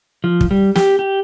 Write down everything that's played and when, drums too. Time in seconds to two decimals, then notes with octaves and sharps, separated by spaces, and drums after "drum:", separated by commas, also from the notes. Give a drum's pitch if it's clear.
0.24 F3
0.41 drum: kick
0.51 G3
0.76 G4, drum: snare
0.99 G4